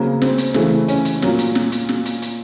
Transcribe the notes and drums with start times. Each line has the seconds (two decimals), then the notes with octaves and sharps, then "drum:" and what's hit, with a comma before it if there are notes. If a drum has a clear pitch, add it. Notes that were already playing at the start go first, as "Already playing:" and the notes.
Already playing: C#3 F#3 A#3 C4
0.22 C4, drum: snare
0.38 drum: hi-hat
0.54 C#3 E3 A3, drum: snare
0.88 C#4, drum: hi-hat
1.05 drum: hi-hat
1.22 A#2 F#3 A#3, drum: snare
1.39 drum: hi-hat
1.55 drum: snare
1.72 drum: hi-hat
1.89 drum: snare
2.05 drum: hi-hat
2.22 drum: hi-hat